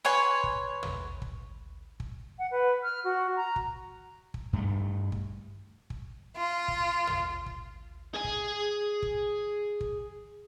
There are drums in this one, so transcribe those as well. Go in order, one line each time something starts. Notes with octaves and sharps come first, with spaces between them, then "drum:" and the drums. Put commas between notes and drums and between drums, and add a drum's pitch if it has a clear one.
B4 C#5 G#5 C6
drum: kick
drum: tom
drum: kick
drum: kick
F#5
B4
F6
F#4
A#5
drum: kick
drum: kick
G2 A3
drum: kick
drum: kick
F4
drum: kick
drum: tom
drum: kick
G#4 G#5
drum: kick
drum: kick
drum: kick